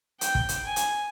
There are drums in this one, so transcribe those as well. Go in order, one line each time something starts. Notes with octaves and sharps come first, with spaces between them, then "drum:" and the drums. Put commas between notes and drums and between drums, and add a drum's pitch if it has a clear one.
G5, drum: hi-hat
drum: kick
drum: hi-hat
G#5
drum: hi-hat